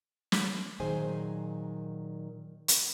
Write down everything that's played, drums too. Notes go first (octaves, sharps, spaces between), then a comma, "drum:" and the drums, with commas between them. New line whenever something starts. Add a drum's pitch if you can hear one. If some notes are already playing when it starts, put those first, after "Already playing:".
drum: snare
A#2 D#3 F#3 G#4 C5 G#5
drum: hi-hat